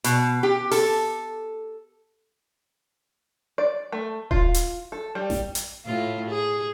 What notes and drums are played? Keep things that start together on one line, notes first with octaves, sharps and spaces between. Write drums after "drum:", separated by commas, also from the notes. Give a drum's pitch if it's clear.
B2, drum: hi-hat
G4
A4, drum: open hi-hat
D5
A3
F4, drum: kick D#1
drum: hi-hat
A4
G3
drum: snare A1
drum: hi-hat
A2 F4
G#4